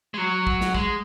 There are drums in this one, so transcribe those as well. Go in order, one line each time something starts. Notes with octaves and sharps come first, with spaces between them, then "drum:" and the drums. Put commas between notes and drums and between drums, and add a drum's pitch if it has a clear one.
G#3
F#3
drum: kick
drum: snare
G#3, drum: kick